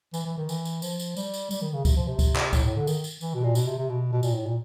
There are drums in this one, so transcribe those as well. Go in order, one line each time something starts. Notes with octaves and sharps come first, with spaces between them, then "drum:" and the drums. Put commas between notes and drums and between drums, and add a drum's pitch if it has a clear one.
E3, drum: tambourine
E3
D#3
E3, drum: tambourine
drum: tambourine
F3, drum: tambourine
drum: tambourine
G3, drum: tambourine
drum: tambourine
G3, drum: tambourine
D#3
C#3
C3, drum: kick C#2, tambourine
F3
C3
drum: kick C#2, tambourine
drum: clap
A2, drum: kick C#2, tambourine
A2
D3
D#3, drum: tambourine
drum: tambourine
E3, drum: tambourine
B2
A#2
B2, drum: tambourine
C3
C3
B2
B2
A#2, drum: tambourine
A2
A#2